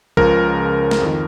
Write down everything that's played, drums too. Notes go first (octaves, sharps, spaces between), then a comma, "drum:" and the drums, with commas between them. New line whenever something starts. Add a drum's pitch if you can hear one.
C#2 C#3 F3 A#4, drum: kick
drum: snare
F2 D#3